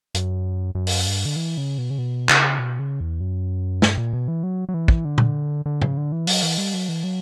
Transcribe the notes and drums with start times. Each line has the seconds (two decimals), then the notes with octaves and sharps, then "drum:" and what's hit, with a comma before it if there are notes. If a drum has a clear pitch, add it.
0.15 F#2, drum: hi-hat
0.75 F#2
0.87 drum: open hi-hat
1.06 G2
1.25 D3
1.36 E3
1.57 C#3
1.78 B2
1.90 C#3
1.98 B2
2.29 C#3, drum: clap
2.59 B2
2.79 C#3
3.00 E2
3.21 F#2
3.82 G2, drum: snare
3.98 A#2
4.13 B2
4.28 E3
4.43 F#3
4.69 F#3
4.74 E3
4.88 drum: kick
5.05 D3
5.18 drum: tom A#2
5.66 D3
5.82 C#3, drum: tom A2
5.97 D3
6.12 E3
6.27 F#3, drum: open hi-hat
6.43 E3
6.58 G3
6.74 F#3
6.89 E3
7.04 F#3